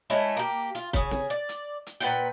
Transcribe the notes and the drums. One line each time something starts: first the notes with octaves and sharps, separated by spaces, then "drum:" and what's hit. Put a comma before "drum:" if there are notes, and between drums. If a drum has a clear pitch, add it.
G#3 A3 C#4 E4
A#3 G4
F4, drum: hi-hat
C#3 G#4, drum: kick
drum: snare
D5
drum: hi-hat
drum: hi-hat
A#2 B4 F#5 G5